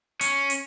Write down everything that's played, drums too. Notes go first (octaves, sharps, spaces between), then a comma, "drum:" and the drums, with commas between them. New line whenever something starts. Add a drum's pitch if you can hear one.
C#4, drum: hi-hat
drum: hi-hat